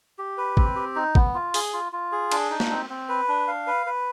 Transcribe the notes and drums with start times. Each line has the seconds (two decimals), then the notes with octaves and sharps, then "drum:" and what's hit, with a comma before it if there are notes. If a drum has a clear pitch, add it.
0.18 G4
0.38 B4
0.57 C4, drum: kick
0.76 G4
0.96 D#4
1.15 B3, drum: kick
1.34 F4
1.54 G#4, drum: open hi-hat
1.73 F4
1.92 F4
2.12 G#4
2.32 D4, drum: cymbal
2.50 D#4
2.60 drum: snare
2.71 C4
2.90 C4
3.09 B4
3.28 D4
3.48 F5
3.67 B4
3.86 B4